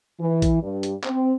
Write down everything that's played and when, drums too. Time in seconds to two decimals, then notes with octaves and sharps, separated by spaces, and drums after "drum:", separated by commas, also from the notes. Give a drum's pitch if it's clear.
0.20 E3
0.42 drum: kick A#1, hi-hat
0.62 G2
0.83 drum: hi-hat
1.04 C4, drum: clap